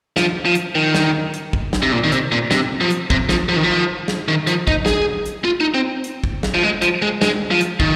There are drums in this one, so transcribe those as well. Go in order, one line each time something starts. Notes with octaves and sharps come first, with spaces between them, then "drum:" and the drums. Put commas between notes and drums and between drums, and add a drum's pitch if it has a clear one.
F3, drum: snare
F3
drum: hi-hat
D#3
drum: snare
drum: hi-hat
drum: kick
drum: snare
C3
A#2
D#3
C3, drum: hi-hat
A#2
C3, drum: snare
F3
drum: hi-hat
C3, drum: kick
F3, drum: snare
F3
D#3
F3
drum: snare
D#3
F3, drum: hi-hat
D#4, drum: kick
G#4, drum: snare
drum: hi-hat
F4
D#4
C4
drum: hi-hat
drum: kick
drum: snare
F3
G#3
F3, drum: hi-hat
G#3
G#3, drum: snare
F3
drum: hi-hat
D#3, drum: kick